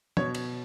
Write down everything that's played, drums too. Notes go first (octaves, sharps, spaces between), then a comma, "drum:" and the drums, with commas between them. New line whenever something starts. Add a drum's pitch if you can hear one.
B2 C#5, drum: tom
drum: cymbal